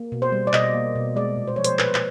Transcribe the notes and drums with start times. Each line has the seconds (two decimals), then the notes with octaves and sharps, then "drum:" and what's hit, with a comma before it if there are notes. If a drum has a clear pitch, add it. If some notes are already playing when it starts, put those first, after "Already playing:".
Already playing: A#3
0.12 B2
0.22 C5
0.32 G3
0.47 D5
0.53 B2 D#5, drum: clap
0.74 A#3
0.96 B2
1.16 G#3 D5
1.37 A#2
1.48 C5
1.56 F3 C#5
1.64 C5, drum: hi-hat
1.79 A#2 B4, drum: clap
1.95 drum: clap